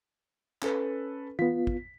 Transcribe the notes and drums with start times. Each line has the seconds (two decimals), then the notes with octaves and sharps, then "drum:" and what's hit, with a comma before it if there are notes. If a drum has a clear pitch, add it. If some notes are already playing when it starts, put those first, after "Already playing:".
0.62 C#4 A4 B4, drum: clap
1.39 B3 F4 B6, drum: tom E3
1.67 drum: kick